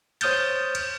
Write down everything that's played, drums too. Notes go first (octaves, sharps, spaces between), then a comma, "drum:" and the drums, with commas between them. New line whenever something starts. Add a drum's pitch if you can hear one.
C5 C#5 D#6 F6 G6 A6, drum: cymbal
drum: cymbal